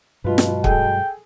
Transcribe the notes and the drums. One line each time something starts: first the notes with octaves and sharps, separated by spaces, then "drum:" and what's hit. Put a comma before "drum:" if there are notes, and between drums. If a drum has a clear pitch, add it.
G2 B2 F#3 G#3 F4 B4
drum: snare
G#4 A4 G5 G#5, drum: kick